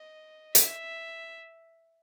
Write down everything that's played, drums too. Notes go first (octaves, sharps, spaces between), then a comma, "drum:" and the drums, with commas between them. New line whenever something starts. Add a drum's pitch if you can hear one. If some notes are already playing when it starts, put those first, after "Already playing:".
Already playing: D#5
E5, drum: hi-hat